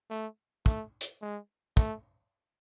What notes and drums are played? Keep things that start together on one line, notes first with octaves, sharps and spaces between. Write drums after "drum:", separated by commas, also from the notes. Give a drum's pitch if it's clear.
A3
A3, drum: kick
drum: hi-hat
G#3
A3, drum: kick